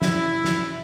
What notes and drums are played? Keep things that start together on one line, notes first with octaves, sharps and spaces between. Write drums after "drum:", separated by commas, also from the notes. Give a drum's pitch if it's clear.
E4, drum: snare
drum: snare